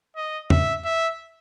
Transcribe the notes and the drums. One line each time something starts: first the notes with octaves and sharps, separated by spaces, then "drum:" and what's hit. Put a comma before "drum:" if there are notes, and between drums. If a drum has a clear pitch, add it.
D#5
E5, drum: tom E2
E5